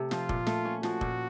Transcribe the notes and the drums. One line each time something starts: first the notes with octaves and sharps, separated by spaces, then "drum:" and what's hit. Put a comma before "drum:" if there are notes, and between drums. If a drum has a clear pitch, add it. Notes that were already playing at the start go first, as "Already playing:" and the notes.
Already playing: C3 A3
F3 F4, drum: snare
A#2, drum: kick F1
A3, drum: snare
C#4
F3 F#4, drum: snare
A#2, drum: kick F1